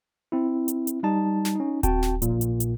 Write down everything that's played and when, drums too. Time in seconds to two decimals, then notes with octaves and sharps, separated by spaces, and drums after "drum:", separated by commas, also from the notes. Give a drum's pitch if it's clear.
0.32 C4 E4
0.68 drum: hi-hat
0.87 drum: hi-hat
1.03 G3 D#4 A5
1.45 drum: snare
1.55 C#4 D#4
1.83 C4 F#4 G5 A5, drum: kick D#1, hi-hat
2.03 drum: snare
2.22 A#1 A#2, drum: hi-hat
2.41 drum: hi-hat
2.60 drum: hi-hat